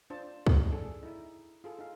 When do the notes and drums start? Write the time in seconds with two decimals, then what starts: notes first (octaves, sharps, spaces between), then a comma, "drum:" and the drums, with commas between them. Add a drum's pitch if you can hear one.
0.10 D4 F4 C5 A5
0.47 drum: kick
0.68 D4 G#4 A4
1.03 D#4 E4 E5
1.64 F4 G#4 A4
1.79 D#4 F5